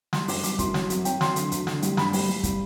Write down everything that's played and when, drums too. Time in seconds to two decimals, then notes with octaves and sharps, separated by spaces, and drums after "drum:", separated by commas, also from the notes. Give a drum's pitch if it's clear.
0.13 G3 C6, drum: snare
0.28 F#2 D6, drum: open hi-hat
0.44 G3 D6, drum: hi-hat
0.59 F#2 C6, drum: kick, hi-hat
0.74 F#3, drum: snare
0.90 F#3, drum: hi-hat
1.05 F#3 G5, drum: hi-hat
1.21 F#3 C6, drum: snare
1.36 D3, drum: hi-hat
1.52 D2, drum: hi-hat
1.67 D3, drum: snare
1.82 G3, drum: hi-hat
1.97 G2 B5, drum: snare
2.13 G3, drum: open hi-hat
2.29 G3
2.43 G3, drum: kick, hi-hat